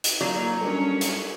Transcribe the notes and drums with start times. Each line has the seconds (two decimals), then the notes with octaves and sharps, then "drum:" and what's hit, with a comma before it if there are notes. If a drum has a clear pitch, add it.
0.04 drum: hi-hat
0.21 F#3 A#3 D#4 F4 D5
0.61 G3 C#4 D4 A4 A#4 C#5
1.01 drum: hi-hat